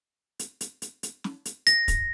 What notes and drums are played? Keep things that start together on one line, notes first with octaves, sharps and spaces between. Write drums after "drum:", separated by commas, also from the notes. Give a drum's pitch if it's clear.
drum: hi-hat
drum: hi-hat
drum: hi-hat
drum: hi-hat
drum: snare
drum: hi-hat
A#6, drum: hi-hat
drum: kick, hi-hat